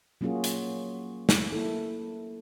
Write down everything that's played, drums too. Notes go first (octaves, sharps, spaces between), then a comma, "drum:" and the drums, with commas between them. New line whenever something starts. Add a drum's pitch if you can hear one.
F#3 A#3 C#4 F4 F#4 G#4
drum: hi-hat
drum: snare
A#3 E4 A4